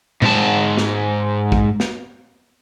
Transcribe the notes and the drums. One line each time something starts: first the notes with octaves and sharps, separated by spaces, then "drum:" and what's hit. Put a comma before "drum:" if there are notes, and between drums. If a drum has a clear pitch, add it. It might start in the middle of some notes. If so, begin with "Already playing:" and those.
G#2 A5, drum: tom A2
drum: snare
drum: kick
drum: snare